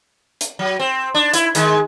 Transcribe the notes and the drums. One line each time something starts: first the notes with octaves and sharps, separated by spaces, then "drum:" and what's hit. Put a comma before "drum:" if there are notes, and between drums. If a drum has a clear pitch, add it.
drum: hi-hat
F#3
C4
D4
E4, drum: hi-hat
D#3 G#3, drum: hi-hat